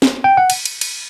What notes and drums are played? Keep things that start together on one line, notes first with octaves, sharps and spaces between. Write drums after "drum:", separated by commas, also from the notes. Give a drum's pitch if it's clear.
drum: snare
G5
F#5
drum: cymbal
drum: cymbal
drum: cymbal